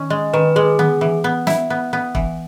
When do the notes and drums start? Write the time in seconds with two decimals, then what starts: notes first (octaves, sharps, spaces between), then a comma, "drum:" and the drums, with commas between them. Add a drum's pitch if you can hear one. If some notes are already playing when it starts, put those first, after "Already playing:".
Already playing: D#3 C#4
0.10 G#3 D#5
0.34 D#3 B4
0.56 G#3 G#4
0.79 B3, drum: tom D3
1.01 E3
1.24 B3
1.47 E4, drum: snare
1.70 B3
1.93 B3
2.15 E3, drum: kick